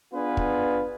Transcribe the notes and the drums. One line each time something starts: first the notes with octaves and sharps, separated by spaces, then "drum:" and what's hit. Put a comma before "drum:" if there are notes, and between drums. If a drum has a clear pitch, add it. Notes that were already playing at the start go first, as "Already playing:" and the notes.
B3 D4 F4 G#4 B4
drum: kick